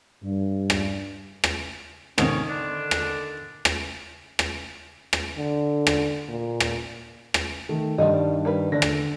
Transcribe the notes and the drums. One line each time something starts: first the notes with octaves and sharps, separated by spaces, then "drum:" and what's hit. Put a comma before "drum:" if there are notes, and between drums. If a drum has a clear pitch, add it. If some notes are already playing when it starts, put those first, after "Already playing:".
G2
drum: rim click
drum: rim click
F2 G#2 C3 D#3 C#4 C#5, drum: rim click
D3 D4
drum: rim click
drum: rim click
drum: rim click
drum: rim click
D3
drum: rim click
A#2
drum: rim click
drum: rim click
D#3 A3
G2 D#3 F3 D4 F#4 D#5
G3
G3 A#4 B4
D3 A3 D4 C5 A#6
drum: rim click